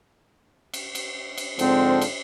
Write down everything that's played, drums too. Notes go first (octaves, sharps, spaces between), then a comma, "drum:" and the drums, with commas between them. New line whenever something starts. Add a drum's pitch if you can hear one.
drum: cymbal
drum: cymbal
drum: cymbal
G#2 D3 F3 C4, drum: cymbal
drum: cymbal